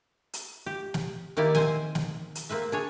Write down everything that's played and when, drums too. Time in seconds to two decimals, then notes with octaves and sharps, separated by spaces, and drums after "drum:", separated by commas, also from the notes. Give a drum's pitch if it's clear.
0.33 drum: hi-hat
0.66 G4
0.94 drum: snare
1.37 D#3 A#3 E4 G4 D5
1.55 C4 C5 G#5, drum: snare
1.95 drum: snare
2.35 drum: hi-hat
2.49 A#3 C4 B4 E5
2.72 D4 G#4 C#5